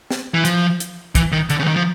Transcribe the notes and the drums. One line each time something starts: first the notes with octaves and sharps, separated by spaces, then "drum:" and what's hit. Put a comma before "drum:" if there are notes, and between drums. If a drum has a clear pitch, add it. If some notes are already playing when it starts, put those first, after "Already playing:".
drum: snare
E3
F3, drum: hi-hat
drum: hi-hat
E3, drum: kick, hi-hat
D#3
D3, drum: hi-hat
C#3
E3
D#3
F3